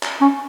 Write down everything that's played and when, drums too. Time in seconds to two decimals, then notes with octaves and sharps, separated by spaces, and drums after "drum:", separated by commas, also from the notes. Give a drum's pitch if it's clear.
0.03 drum: clap
0.21 C#4